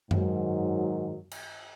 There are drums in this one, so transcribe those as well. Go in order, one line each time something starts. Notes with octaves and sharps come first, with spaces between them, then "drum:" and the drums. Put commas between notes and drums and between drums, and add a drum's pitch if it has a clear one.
G#2 D#3 F#3, drum: tom F#2
drum: cymbal